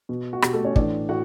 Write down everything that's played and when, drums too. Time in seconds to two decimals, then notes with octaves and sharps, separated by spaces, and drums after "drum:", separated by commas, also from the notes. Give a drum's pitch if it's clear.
0.09 B2
0.33 F#4
0.42 B2 G4, drum: rim click
0.53 A3 A4
0.65 C#4 C#5
0.76 A2 E3 D4 D5, drum: kick
1.09 A2 F#4 F#5